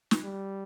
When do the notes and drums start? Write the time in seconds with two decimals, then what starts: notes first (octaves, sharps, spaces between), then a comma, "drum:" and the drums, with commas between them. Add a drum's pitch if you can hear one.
0.11 drum: snare
0.23 G3